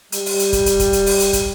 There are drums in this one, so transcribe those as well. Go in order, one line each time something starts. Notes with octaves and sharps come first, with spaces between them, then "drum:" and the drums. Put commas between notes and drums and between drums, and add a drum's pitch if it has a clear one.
G3, drum: hi-hat
drum: open hi-hat
drum: hi-hat
drum: kick, hi-hat
drum: hi-hat
drum: kick, hi-hat
drum: hi-hat
drum: open hi-hat
drum: hi-hat
drum: kick, hi-hat